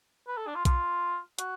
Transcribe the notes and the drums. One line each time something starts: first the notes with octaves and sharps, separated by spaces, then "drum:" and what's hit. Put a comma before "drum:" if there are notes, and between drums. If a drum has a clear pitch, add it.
B4
A4
D4
F4
F4, drum: kick B1, hi-hat
F#4, drum: hi-hat